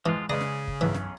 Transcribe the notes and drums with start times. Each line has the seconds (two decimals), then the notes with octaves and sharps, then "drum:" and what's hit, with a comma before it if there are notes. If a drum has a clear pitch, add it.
0.06 G#2 E3 F3 G#3 F4
0.30 C#3 G#3 C#4 G#4 B4 D5 A#5
0.41 drum: snare
0.68 drum: kick F#1
0.81 B1 E3 E5, drum: tom G2
0.95 drum: snare